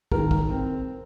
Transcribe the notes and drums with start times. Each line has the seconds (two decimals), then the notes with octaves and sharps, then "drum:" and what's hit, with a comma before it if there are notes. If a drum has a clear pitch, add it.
0.12 D#2 D#3 G#3 A#4, drum: kick
0.31 drum: kick
0.50 C4